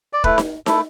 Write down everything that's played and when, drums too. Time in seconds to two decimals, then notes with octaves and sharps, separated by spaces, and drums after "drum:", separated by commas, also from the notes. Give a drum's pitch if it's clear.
0.13 D5
0.24 A3 E4 B4, drum: kick
0.38 drum: snare D#4
0.66 A3 E4 A4, drum: snare D#4